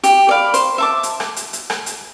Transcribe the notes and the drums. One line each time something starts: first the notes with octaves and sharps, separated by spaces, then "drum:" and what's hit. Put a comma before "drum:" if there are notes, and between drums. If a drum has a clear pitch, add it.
G4, drum: hi-hat
D5 F5 B5
C5, drum: hi-hat
E5 A5 D6
drum: hi-hat
drum: rim click
drum: hi-hat
drum: hi-hat
drum: rim click
drum: hi-hat